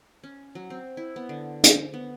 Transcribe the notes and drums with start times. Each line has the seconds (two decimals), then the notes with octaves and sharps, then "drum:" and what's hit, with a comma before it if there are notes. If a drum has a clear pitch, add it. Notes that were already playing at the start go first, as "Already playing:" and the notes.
0.24 C#4
0.55 F#3
0.70 C4
0.97 E4
1.16 B3
1.29 D3
1.64 C5, drum: hi-hat
1.94 B3